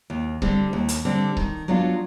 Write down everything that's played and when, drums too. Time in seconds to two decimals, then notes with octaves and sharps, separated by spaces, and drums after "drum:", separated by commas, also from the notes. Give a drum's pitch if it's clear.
0.10 D#2
0.42 D3 G3 C4, drum: kick C#1
0.73 D#2
0.89 drum: hi-hat
1.05 D3 G3 C4
1.37 D#3, drum: kick C#1
1.68 F#3 B3 D4 F4